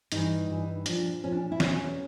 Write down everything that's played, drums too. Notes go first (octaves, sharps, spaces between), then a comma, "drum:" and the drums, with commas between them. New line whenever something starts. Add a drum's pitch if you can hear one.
G2 E3 D#4, drum: hi-hat
G2 E3
A#2 F3 D4, drum: hi-hat
A#2 F3 C#4
D4
E4
E2 B2 F#3 C#4, drum: snare